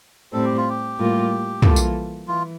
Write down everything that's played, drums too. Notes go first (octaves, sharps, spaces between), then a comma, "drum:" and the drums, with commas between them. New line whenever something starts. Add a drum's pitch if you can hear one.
A2 G3 C4 A4
G4
F4
G4
A2 G3 A#3 F4 A#4
E3 G3 A#3 F4 A4, drum: tom
drum: tambourine
E3 F4